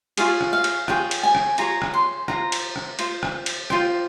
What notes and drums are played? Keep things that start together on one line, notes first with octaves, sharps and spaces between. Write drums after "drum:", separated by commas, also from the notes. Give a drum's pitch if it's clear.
F4 G#4 C#5 F5, drum: cymbal
drum: rim click
F5
drum: cymbal
F4 G#4 C#5 G5, drum: rim click
drum: cymbal
G#5
drum: rim click
F4 G#4 C#5 A#5, drum: cymbal
drum: rim click
C6
F4 C5 A#5, drum: rim click
drum: cymbal
drum: rim click
F4 C5, drum: cymbal
drum: rim click
drum: cymbal
F4 C5 G5, drum: rim click